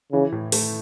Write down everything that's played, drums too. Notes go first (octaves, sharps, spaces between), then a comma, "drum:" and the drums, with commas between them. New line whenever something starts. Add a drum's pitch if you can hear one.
C#3 E3
A2
A3, drum: open hi-hat